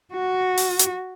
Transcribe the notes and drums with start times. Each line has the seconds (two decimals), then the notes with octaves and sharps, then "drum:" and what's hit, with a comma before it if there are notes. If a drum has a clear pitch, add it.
0.14 F#4
0.57 drum: open hi-hat
0.79 drum: hi-hat